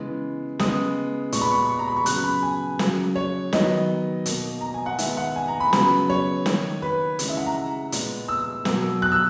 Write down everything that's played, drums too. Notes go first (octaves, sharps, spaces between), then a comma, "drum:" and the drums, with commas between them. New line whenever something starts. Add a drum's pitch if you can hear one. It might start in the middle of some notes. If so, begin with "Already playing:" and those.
Already playing: C#3 E3 G#3 B3
C#3 G#3 B3 D#6, drum: snare
A#2 G#3 B3 C#6, drum: hi-hat
B5
C#6
C#6
A#5
B5
C#6
C#3 F#3 B3 F#6, drum: hi-hat
B5
G#5
C#3 F#3 A#3, drum: snare
C#5
D#3 F#3 B3 D#5, drum: snare
B2 A#3, drum: hi-hat
A#5
G#5
F#5
D#3 G#3 B3 E5, drum: hi-hat
F#5
G#5
A#5
B5
C#3 F#3 B3 B5, drum: snare
C#5
D#3 A#3, drum: snare
B4
C#3 E3 G#3, drum: hi-hat
E5
F#5
A#5
A#2 G#3 B3, drum: hi-hat
E6
B2 F#3 A#3, drum: snare
F#6
E6